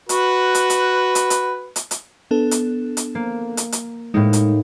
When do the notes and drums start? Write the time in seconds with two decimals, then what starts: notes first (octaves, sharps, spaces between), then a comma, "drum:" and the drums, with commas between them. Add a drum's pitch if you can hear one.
0.09 F#4 B4, drum: hi-hat
0.55 drum: hi-hat
0.70 drum: hi-hat
1.15 drum: hi-hat
1.30 drum: hi-hat
1.76 drum: hi-hat
1.91 drum: hi-hat
2.31 B3 D4 A4
2.51 drum: hi-hat
2.97 drum: hi-hat
3.15 A#3
3.57 drum: hi-hat
3.72 drum: hi-hat
4.14 A2 G#3 A#3 D#4
4.33 drum: hi-hat